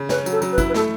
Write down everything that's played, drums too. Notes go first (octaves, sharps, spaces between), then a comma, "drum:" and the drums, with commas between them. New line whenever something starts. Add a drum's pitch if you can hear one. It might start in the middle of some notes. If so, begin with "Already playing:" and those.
Already playing: C#3
C#4 B4, drum: snare
F#3, drum: tambourine
A4
F#3, drum: tambourine
B4
E4, drum: kick, tambourine
B4
A3 A4, drum: snare